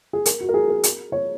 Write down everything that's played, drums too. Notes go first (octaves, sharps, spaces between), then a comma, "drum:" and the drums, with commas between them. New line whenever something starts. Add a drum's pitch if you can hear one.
G#4
A#4, drum: hi-hat
F#4
A#4
G#4
A#4
drum: hi-hat
C#5